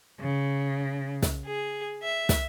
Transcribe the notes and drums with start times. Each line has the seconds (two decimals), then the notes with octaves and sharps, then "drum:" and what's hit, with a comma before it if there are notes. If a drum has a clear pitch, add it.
0.20 C#3
1.22 drum: snare
1.45 G#4
2.02 E5
2.29 drum: snare